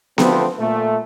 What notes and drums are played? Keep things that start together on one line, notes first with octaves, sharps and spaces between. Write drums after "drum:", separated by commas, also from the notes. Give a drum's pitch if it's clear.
D3 F3 A3 B3 C4, drum: snare B3
A#2 A3